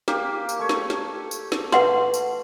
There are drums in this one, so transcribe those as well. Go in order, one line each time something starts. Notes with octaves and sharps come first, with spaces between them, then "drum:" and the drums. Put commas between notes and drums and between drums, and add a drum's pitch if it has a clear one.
A#3 G4, drum: snare
drum: tambourine
A3 C#5
drum: snare
drum: snare
drum: tambourine
drum: snare
B4 F#5 C6, drum: snare
drum: tambourine